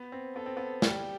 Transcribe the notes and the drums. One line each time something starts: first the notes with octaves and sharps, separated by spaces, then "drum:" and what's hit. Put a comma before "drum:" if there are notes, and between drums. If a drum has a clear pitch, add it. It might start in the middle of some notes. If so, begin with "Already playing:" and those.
Already playing: B3
C4
B3 A4
C4
B3
G3 G4, drum: snare